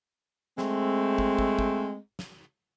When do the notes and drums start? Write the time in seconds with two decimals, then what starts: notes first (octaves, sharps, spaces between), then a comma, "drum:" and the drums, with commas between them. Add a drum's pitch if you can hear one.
0.58 G#3 A3 C4, drum: snare
1.18 drum: kick
1.38 drum: kick
1.59 drum: kick
2.19 drum: snare